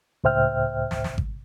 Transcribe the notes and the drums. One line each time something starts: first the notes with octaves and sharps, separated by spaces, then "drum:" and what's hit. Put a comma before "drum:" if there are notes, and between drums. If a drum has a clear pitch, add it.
C#2 A2 C5 E5 G5 F6
drum: snare
drum: snare
drum: kick G#1